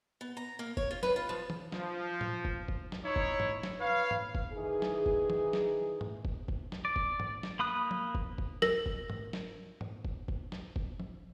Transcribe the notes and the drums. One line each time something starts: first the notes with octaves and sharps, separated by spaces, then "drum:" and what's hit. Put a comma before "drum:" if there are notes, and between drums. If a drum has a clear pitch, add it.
B3
A#5
A#3
C#5, drum: kick F#1
F4
B4, drum: snare
F4
F3
drum: tom E3
F3, drum: snare
drum: tom A2
drum: kick F#1
drum: kick F#1
drum: snare
D#4 E4 C#5
drum: kick F#1
drum: tom G#2
drum: snare
B4 C#5 F5
drum: tom G#2
drum: kick F#1
D#3 E3 D#4 G#4
drum: snare
drum: kick F#1
drum: tom E3
drum: snare
drum: tom G#2
drum: kick F#1
drum: kick F#1
drum: snare
D5
drum: kick F#1
drum: tom G#2
drum: snare
A#3 B5 D#6 F#6
drum: tom F3
drum: kick F#1
drum: kick F#1
A#4 A#6, drum: snare
drum: kick F#1
drum: tom G#2
drum: snare
drum: tom G#2
drum: kick F#1
drum: kick F#1
drum: snare
drum: kick F#1
drum: tom F3